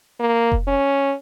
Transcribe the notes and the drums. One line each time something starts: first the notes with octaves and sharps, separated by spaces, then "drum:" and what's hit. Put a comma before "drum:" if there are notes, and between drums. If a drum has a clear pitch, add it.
A#3
drum: kick F1
C#4